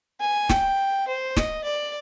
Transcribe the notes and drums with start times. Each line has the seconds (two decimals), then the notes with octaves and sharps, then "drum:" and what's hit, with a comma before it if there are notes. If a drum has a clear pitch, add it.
0.21 G#5
0.49 G5, drum: snare
1.08 C5
1.37 D#5, drum: snare
1.64 D5